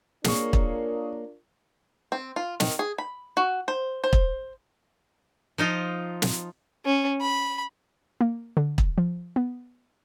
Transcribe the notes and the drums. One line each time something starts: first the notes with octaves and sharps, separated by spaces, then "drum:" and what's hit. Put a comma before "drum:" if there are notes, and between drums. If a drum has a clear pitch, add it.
A#3 D4 F4 G#4 A#4 C#5 C#6, drum: snare
drum: kick
C4
F4
D#3, drum: snare
G#4
B5
F#4
C5
C5
drum: kick
F3 D#4 F4
drum: snare
C#4
B5
A#3
D3
drum: kick
F3
B3